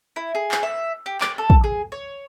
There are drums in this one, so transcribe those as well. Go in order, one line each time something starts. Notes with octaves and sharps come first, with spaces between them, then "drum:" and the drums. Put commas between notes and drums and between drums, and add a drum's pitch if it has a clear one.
E4
G#4
drum: clap
E5
G4
D6, drum: clap
A4
drum: kick
G#4
C#5